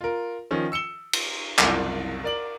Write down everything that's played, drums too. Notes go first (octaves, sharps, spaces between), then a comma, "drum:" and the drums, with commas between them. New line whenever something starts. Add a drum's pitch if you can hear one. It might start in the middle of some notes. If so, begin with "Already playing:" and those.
F4 A#4
D#3 F3 C#4
E6 C#7 E7 G7
drum: cymbal
F#1 C2 F4, drum: clap
A#4 D5 F#7